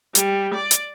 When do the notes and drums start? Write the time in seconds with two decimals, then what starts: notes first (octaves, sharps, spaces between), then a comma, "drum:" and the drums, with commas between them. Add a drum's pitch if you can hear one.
0.15 G3, drum: hi-hat
0.54 D5
0.71 drum: hi-hat